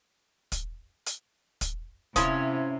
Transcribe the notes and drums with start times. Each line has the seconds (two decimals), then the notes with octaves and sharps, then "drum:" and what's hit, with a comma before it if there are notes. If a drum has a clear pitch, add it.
0.52 drum: kick, hi-hat
1.07 drum: hi-hat
1.61 drum: kick, hi-hat
2.16 C3 F3 C#4 E4 D#6, drum: kick, hi-hat